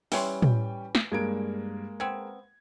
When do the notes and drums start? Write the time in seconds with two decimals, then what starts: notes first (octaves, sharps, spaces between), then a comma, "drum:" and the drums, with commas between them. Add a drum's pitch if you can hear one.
0.12 E3 G3 C#4 C#5 G5 C6, drum: open hi-hat
0.42 drum: tom
0.95 drum: snare
1.12 G2 G#3 A#3 G#6 D7
2.00 B3 C4 G#6